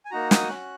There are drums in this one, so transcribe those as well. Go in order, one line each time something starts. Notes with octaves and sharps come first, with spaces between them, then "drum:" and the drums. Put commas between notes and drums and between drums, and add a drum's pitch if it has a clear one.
G#5
A#3 D#4 F#4 A#5
D#6, drum: snare
C#4 F#4 F#6